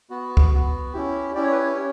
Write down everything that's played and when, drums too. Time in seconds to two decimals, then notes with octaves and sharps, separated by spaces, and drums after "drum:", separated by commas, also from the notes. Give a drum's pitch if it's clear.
0.10 B3 F#4
0.37 drum: kick C#2
0.52 B3 F#4
0.93 C#4 E4 G4
1.35 C#4 E4 G4 D5
1.43 C#5
1.52 B4
1.60 C#5
1.76 C#4